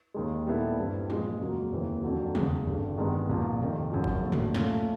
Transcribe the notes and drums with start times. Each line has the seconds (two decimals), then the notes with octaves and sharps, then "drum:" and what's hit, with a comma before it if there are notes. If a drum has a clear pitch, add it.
0.14 D#2 D#3 G#3
0.47 A#2 G3 B3 E4 A4
0.78 G2 E3 G3 C4
1.10 A#2 F3 G#3, drum: tom
1.41 F2 C#3 F#3 A#3
1.72 F1 D#2 C#3 E3
2.03 F2 D3 F#3
2.35 F#1 E2 C#3, drum: tom
2.66 G#1 G2 D3 G3
2.98 G2 D#3 G#3 B3 D#4
3.29 C2 A#2 F3
3.61 F1 F2 C3 D#3
3.91 G#1 F#2 C#3 F3
4.04 drum: kick
4.23 D#2 D3 F#3 A3
4.32 drum: tom
4.54 A#2 F3 A3 C#4 F4, drum: snare